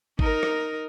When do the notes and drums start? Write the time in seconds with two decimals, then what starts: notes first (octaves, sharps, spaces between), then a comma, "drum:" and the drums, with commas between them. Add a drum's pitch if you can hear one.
0.19 D#4 A#4, drum: kick G#1
0.43 drum: rim click